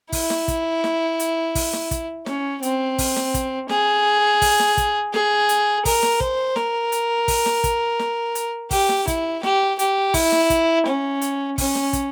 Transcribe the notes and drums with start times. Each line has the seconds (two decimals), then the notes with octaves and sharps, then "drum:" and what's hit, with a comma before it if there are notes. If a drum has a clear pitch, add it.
0.12 E4, drum: kick, open hi-hat
0.30 drum: snare
0.48 drum: kick, hi-hat
0.84 drum: snare
1.20 drum: hi-hat
1.55 drum: kick, open hi-hat
1.73 drum: snare
1.91 drum: kick, hi-hat
2.26 C#4, drum: snare
2.63 C4, drum: hi-hat
2.98 drum: kick, open hi-hat
3.16 drum: snare
3.34 drum: kick, hi-hat
3.69 G#4, drum: snare
4.42 drum: kick, open hi-hat
4.59 drum: snare
4.77 drum: kick, hi-hat
5.14 G#4, drum: snare
5.49 drum: hi-hat
5.85 A#4, drum: kick, open hi-hat
6.03 drum: snare
6.20 C5, drum: kick
6.56 A#4, drum: snare
6.92 drum: hi-hat
7.28 drum: kick, open hi-hat
7.46 drum: snare
7.64 drum: kick, hi-hat
7.99 drum: snare
8.35 drum: hi-hat
8.71 G4, drum: kick, open hi-hat
8.89 drum: snare
9.07 E4, drum: kick, hi-hat
9.43 G4, drum: snare
9.79 G4, drum: hi-hat
10.14 E4, drum: kick, open hi-hat
10.32 drum: snare
10.50 drum: kick, hi-hat
10.86 C#4, drum: snare
11.21 drum: hi-hat
11.58 C#4, drum: kick, open hi-hat
11.75 drum: snare
11.93 drum: kick, hi-hat